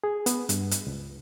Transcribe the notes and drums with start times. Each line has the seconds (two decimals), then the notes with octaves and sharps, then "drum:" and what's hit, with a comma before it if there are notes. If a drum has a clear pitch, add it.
0.04 G#4
0.26 B3, drum: hi-hat
0.49 G2, drum: hi-hat
0.71 drum: hi-hat
0.87 C#2